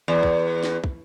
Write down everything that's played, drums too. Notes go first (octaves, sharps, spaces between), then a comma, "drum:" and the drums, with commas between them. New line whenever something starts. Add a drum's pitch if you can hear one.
E2
drum: kick
drum: snare
drum: kick